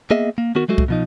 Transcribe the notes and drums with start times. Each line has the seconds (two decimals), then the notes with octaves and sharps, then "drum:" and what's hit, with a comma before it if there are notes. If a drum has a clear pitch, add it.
0.11 A#3 B3 G#4 D#5 E5
0.38 A#3
0.55 D#3 B3 F#4 A#4
0.68 F#3 G#3 A3 F#4
0.78 drum: kick C2
0.88 B2 F3 D#4